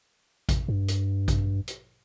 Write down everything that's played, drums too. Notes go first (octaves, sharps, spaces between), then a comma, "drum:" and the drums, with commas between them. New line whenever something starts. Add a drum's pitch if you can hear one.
drum: kick A1, hi-hat
G2
drum: hi-hat
drum: kick A1, hi-hat
drum: hi-hat